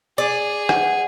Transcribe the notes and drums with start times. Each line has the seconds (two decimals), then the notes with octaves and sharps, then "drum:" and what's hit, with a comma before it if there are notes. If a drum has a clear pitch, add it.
0.18 G#4 D5
0.69 F#5, drum: rim click